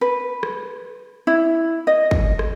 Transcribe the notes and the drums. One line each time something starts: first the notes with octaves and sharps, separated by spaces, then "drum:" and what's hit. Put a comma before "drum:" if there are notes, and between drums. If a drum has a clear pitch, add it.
B4
drum: rim click
E4
D#5
drum: kick
drum: rim click